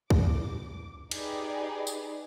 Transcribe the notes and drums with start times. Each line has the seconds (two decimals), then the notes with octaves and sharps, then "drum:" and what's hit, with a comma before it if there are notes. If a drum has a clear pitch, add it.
0.10 D6, drum: kick
1.11 D#4 G4 G#4 B4 D5, drum: cymbal
1.87 drum: tambourine